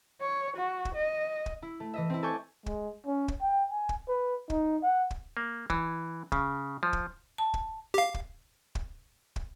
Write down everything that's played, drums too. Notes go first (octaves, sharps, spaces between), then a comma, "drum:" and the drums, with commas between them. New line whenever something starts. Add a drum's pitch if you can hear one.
C#5
F#4
drum: kick
D#5
drum: kick
E4
A3
E3 D#5 E5
C4 E4
A4 D5 G#5 A5 C#6 G6
G#3, drum: kick
C#4
drum: kick
G5
G#5
drum: kick
B4
D#4, drum: kick
F#5
drum: kick
A#3
E3, drum: kick
C#3, drum: kick
F3
drum: kick
A5
drum: kick
G4 F5
drum: kick
drum: kick
drum: kick